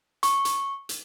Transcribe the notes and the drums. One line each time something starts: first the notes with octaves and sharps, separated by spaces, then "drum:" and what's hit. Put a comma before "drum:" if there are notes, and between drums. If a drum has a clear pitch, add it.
C#6, drum: hi-hat
drum: hi-hat
drum: hi-hat